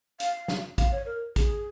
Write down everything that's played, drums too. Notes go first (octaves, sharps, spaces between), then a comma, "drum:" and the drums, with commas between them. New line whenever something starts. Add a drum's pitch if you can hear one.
F5, drum: hi-hat
drum: snare
F5, drum: kick, hi-hat
C#5
A#4
G#4, drum: kick, hi-hat